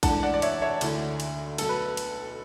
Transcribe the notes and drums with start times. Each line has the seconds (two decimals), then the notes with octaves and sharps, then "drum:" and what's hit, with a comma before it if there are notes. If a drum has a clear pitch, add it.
0.03 G#2 E3 A3 D4 F#5 A5, drum: kick A#1, cymbal
0.23 D5 F#5
0.34 D5
0.42 C#5 E5, drum: cymbal
0.62 C#5 E5
0.81 D2 D3 A3 E4, drum: cymbal
1.20 drum: cymbal
1.58 B1 B2 A3 A4, drum: cymbal
1.69 B4
1.97 drum: cymbal